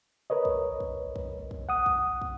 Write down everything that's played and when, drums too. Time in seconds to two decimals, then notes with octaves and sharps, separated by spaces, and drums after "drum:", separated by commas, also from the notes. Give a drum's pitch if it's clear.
0.30 A#4 B4 C#5 D#5
0.45 drum: kick
0.80 drum: kick
1.16 drum: kick
1.51 drum: kick
1.69 F#5 D#6
1.86 drum: kick
2.22 drum: kick